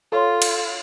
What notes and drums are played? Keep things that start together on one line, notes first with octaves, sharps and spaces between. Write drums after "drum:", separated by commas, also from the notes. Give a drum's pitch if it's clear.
F4 A4 C#5 C6
drum: cymbal